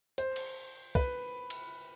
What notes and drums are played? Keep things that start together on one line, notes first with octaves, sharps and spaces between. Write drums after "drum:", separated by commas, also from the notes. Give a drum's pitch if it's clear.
C5, drum: hi-hat
drum: cymbal
B4, drum: kick
drum: cymbal